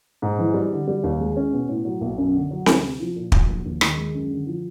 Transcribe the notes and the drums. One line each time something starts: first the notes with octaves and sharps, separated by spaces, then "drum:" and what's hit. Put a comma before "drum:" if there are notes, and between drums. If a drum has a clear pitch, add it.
G#2
E3
G3
D3
G3
D#2
G#3
C#4
B2
A2
F#3
B1
F#2
D3
F#3
D2, drum: snare C4
C3
F3
A#2
F#3, drum: kick
A#1
D#2
D#3, drum: rim click
G#3
F#2
D3
F3